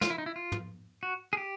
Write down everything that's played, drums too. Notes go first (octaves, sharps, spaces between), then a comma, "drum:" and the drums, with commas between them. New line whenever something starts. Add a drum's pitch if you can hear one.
F4, drum: snare
E4
D#4
E4
F4
drum: tom
F#4
G#4
G4